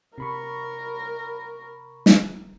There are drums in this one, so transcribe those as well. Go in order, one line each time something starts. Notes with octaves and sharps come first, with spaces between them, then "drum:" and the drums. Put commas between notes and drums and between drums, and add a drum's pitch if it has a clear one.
C3 A#4 B5 C#6
drum: snare